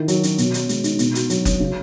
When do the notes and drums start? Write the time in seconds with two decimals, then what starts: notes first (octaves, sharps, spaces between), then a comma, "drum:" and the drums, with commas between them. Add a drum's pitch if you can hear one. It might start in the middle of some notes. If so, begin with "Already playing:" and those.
Already playing: D#3 E4
0.08 F#3, drum: hi-hat
0.23 C#4, drum: hi-hat
0.38 B2, drum: hi-hat
0.54 F#4, drum: hi-hat
0.69 G#3, drum: hi-hat
0.84 D#4, drum: hi-hat
0.99 B2, drum: hi-hat
1.15 F#4, drum: hi-hat
1.30 F#3, drum: hi-hat
1.45 C#4, drum: kick F#1, hi-hat
1.60 C#3